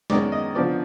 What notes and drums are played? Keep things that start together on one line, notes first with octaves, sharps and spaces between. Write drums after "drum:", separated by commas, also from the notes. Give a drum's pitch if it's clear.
F#2 D#3 G#3 B3 D5, drum: snare
D#5
D3 F3 B3 D5